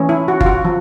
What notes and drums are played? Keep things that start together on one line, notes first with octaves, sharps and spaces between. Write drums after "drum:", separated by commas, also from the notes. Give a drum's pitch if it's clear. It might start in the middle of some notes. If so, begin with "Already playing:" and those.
Already playing: E3 A3 C#4
E4
F#4
F4, drum: kick G1
F#4
F3